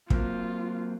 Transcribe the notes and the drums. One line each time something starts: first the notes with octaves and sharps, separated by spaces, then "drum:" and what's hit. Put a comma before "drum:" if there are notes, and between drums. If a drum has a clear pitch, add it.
F#3 A#3 C4 F4, drum: kick